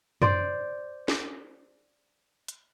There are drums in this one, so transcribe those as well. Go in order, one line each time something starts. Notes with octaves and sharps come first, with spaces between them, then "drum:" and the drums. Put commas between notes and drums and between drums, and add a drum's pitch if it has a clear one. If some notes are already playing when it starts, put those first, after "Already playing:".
C5 D5, drum: tom F#2
drum: snare
drum: hi-hat